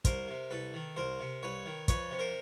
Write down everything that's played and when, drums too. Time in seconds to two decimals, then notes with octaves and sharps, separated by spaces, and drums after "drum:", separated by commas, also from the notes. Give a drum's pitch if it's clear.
0.05 C2 A#4 C5, drum: kick, hi-hat
0.28 C3
0.51 C2 A4 B4
0.74 D#3
0.96 C2 A#4 C5
1.20 C3
1.43 C2 B4 C#5
1.66 D#3
1.88 F2 B4 C#5, drum: kick, hi-hat
2.11 C3
2.19 A#4 C5